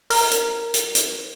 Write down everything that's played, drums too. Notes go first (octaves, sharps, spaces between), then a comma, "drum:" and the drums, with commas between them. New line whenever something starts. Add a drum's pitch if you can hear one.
A#4, drum: open hi-hat
drum: hi-hat
drum: hi-hat
drum: hi-hat